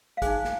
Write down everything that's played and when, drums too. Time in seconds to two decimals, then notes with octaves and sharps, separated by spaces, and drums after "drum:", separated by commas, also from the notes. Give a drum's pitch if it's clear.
0.17 F5
0.22 D#4 G#4 C5 G#5, drum: kick, hi-hat
0.45 drum: snare